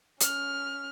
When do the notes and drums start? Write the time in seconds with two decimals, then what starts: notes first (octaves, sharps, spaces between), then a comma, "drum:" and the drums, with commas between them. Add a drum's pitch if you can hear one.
0.20 C#4 F6, drum: hi-hat